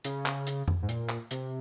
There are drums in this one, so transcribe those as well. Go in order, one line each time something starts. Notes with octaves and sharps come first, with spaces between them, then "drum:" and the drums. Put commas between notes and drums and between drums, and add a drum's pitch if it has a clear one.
C#3, drum: hi-hat
drum: clap
drum: hi-hat
drum: tom F2
G#2
A#2, drum: hi-hat
drum: clap
C3, drum: hi-hat